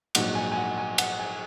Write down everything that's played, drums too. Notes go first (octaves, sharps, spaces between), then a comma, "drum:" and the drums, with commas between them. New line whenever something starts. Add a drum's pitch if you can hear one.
A#1 G#2 F#3 F#5, drum: cymbal
G#5
G#5
F#5
G#5
F#5, drum: cymbal
G#5